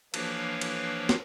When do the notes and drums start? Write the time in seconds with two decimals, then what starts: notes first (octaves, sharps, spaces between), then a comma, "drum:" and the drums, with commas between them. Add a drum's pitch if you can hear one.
0.14 E3 F3 A#3 D4 B4 C#5, drum: cymbal
0.61 drum: cymbal
1.09 drum: snare